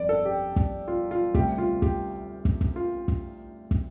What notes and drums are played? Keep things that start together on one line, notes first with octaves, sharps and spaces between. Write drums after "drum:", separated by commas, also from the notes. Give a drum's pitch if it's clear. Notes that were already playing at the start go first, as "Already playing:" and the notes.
Already playing: G1 F2 D5
A4
G4
drum: kick
F4
F4
D2 C3 G3 G4, drum: kick
F4
G4, drum: kick
drum: kick
drum: kick
F4
drum: kick
drum: kick